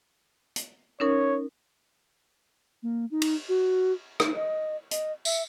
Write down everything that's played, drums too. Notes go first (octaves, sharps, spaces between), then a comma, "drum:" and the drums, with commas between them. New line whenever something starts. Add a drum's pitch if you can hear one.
drum: hi-hat
C#4 D#4 A#4 C#5
A#3
D#4
drum: cymbal
F#4
D#4, drum: rim click
D#5
D#5, drum: hi-hat
E5, drum: tambourine